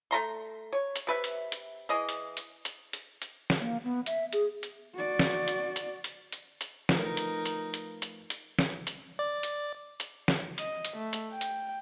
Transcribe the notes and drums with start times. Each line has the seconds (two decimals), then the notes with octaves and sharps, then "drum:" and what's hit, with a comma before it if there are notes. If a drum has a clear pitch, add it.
0.11 A3 A#5 C6
0.73 C#5
0.96 drum: hi-hat
1.07 C3 B4 E5
1.24 drum: hi-hat
1.52 drum: hi-hat
1.89 E3 G#4 D#5
2.09 drum: hi-hat
2.37 drum: hi-hat
2.65 drum: hi-hat
2.93 drum: hi-hat
3.22 drum: hi-hat
3.50 drum: snare
3.60 A#3
3.84 B3
4.06 E5, drum: hi-hat
4.33 G#4, drum: hi-hat
4.63 drum: hi-hat
4.95 F#4 D5
5.19 drum: snare
5.48 drum: hi-hat
5.76 drum: hi-hat
6.04 drum: hi-hat
6.32 drum: hi-hat
6.61 drum: hi-hat
6.89 F3 A3 D#4 A#4 B4, drum: snare
7.17 drum: hi-hat
7.46 drum: hi-hat
7.74 drum: hi-hat
8.02 drum: hi-hat
8.30 drum: hi-hat
8.59 drum: snare
8.87 drum: hi-hat
9.19 D5
9.43 drum: hi-hat
10.00 drum: hi-hat
10.28 drum: snare
10.58 D#5, drum: hi-hat
10.85 drum: hi-hat
10.97 A3
11.13 drum: hi-hat
11.32 G5
11.41 drum: hi-hat